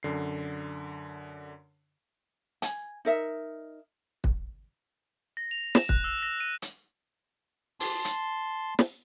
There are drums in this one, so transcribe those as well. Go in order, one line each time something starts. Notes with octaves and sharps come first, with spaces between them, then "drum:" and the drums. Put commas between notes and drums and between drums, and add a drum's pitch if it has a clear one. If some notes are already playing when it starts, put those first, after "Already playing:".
F#2 D3 C7
G#5, drum: hi-hat
D#4 A#4 E5
drum: kick
A#6
F7
E7, drum: snare
F#6, drum: kick
E6
A#6
D#7
drum: hi-hat
A5 C6, drum: open hi-hat
drum: hi-hat
drum: snare